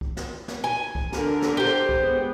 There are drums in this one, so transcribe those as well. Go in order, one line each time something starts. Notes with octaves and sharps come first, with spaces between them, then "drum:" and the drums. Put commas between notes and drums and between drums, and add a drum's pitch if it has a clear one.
drum: kick C2
drum: snare
drum: snare
G#5
drum: kick C2
D3 A#4, drum: snare
drum: snare
G4 C5
drum: kick C2
G#3 B3